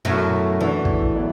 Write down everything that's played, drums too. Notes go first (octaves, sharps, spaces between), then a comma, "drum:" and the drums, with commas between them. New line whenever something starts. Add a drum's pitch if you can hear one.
F#2 B2 F#3 A3 E4
E2 E3 A3 D4 F#4
drum: kick
F#3 B3 E4 D5